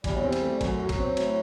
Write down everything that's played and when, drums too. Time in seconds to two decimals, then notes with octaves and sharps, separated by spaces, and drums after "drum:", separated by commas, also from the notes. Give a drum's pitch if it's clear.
0.04 E2 G3, drum: kick, cymbal
0.13 F#3
0.22 G3 C4
0.33 drum: cymbal
0.42 A3
0.61 F#2 F#3, drum: kick, cymbal
0.80 F#4
0.89 drum: kick, cymbal
0.99 C4
1.17 A2, drum: cymbal